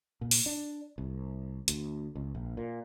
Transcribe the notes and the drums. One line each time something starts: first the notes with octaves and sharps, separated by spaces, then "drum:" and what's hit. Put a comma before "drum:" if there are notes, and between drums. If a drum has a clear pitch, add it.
A#2
drum: open hi-hat
D4
C2
D2, drum: hi-hat
C#2
A#1
A#2